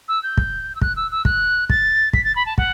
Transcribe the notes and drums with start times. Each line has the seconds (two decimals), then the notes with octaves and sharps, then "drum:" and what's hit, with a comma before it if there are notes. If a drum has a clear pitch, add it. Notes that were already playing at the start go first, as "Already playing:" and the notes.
0.08 E6
0.23 G6
0.37 drum: kick
0.75 E6
0.81 F#6, drum: kick
0.96 E6
1.11 E6
1.25 F#6, drum: kick
1.70 A6, drum: kick
2.13 B6, drum: kick
2.24 A6
2.36 B5
2.46 A5
2.58 F#5, drum: kick